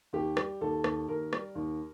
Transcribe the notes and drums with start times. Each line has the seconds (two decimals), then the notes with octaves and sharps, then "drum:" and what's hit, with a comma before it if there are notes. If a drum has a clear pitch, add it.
0.13 D#2 G4
0.37 G3, drum: rim click
0.61 D#2 A4
0.84 D#2, drum: rim click
1.08 D#2 A#4
1.33 G3, drum: rim click
1.55 D#2